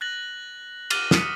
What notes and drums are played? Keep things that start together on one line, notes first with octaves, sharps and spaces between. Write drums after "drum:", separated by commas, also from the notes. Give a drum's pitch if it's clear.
F#6 A6 A#6 F#7
D6 F6 A6 D#7 G7, drum: cymbal
D#6 B6 C#7 D#7, drum: snare